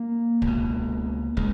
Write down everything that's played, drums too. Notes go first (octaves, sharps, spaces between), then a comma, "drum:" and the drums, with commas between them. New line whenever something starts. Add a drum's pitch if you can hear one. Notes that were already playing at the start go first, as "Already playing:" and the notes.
Already playing: A#3
C#2, drum: kick
B2
C#3 G#3, drum: kick